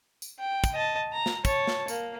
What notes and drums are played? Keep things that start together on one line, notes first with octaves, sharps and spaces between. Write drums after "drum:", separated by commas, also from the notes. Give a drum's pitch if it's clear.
drum: tambourine
G5
drum: kick, tambourine
D#5 A5
A#5
drum: snare
C#5 A5, drum: kick, tambourine
drum: snare
A#3, drum: tambourine